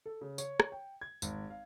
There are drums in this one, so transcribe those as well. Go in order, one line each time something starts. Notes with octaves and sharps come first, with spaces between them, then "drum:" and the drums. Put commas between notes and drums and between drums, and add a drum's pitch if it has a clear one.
A4
C#3
C#5, drum: tambourine
drum: rim click
G5
G#6
G#1, drum: tambourine
F5